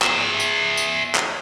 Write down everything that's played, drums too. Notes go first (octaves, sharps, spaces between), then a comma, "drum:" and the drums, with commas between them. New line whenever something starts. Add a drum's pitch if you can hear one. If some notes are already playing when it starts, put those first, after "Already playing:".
G#4 E5, drum: clap
drum: tambourine
drum: tambourine
drum: clap